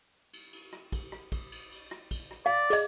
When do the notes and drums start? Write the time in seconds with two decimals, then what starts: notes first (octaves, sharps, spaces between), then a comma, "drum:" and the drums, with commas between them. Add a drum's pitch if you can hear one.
0.33 drum: cymbal
0.53 drum: cymbal
0.73 drum: rim click
0.92 drum: kick, cymbal
1.12 drum: rim click
1.32 drum: kick, cymbal
1.52 drum: cymbal
1.71 drum: cymbal
1.91 drum: rim click
2.11 drum: kick, cymbal
2.31 drum: rim click
2.46 D5 F5
2.70 G#4 D#5, drum: cymbal